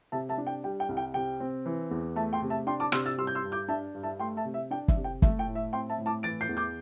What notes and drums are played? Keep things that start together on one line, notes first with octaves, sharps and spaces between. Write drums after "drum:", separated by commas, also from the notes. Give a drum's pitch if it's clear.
C3 E5 A5
E5 A5
D4
G5
G3 G5
G5
C2
G5
C3 G5
C4
E3
E2
A3 E5 A5
G5 C6
C3
E5 A5
D4 G5 C6
A5 D6
C3 C6 E6, drum: rim click
E6 A6
G3 C6 E6
G6
C6 E6
G2
D6 G6
D4 E5 A5
G2
E5 A5
A3 G5 C6
E5 A5
C3
E5
D4 G5
E5, drum: kick
C3
G5
A3 E5, drum: kick
G5
A2
E5
C4 G5 C6
E5 A5
A2
A5 D6
E3 A6 D7
G6 C7
E2
D6 G6